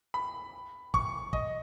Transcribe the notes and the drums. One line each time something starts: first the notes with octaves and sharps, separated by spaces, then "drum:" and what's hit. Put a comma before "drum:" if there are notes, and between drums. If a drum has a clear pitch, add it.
B5
C#6, drum: kick
D#5, drum: kick